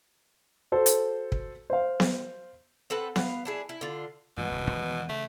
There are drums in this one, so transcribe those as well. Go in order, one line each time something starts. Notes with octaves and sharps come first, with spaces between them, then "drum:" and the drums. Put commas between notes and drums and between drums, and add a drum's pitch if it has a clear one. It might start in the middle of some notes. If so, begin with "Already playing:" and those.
F#4 A4 C5
drum: hi-hat
drum: kick
C5 F5
drum: snare B3
C4 A4 B4 F#5
B3 F5, drum: snare B3
D4 E4 G#4
E4
D3 F4
G2 B2 E3 G#3
D#1 C2 G#2
E2 D#3 G#3
C#3 A3